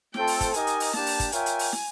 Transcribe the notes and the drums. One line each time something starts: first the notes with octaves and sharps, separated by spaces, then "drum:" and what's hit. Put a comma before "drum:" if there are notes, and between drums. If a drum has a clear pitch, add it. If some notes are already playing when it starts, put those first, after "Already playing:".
A3 C4 F4 A4 C5 G5, drum: snare
drum: open hi-hat
drum: kick, hi-hat
D#4 G4 A#4 D#5 G#5, drum: hi-hat
drum: hi-hat
drum: open hi-hat
A#3 D4 G4 A5, drum: snare
drum: open hi-hat
drum: kick, hi-hat
F4 A#4 C#5 E5 G5 G#5, drum: hi-hat
drum: hi-hat
drum: open hi-hat
drum: snare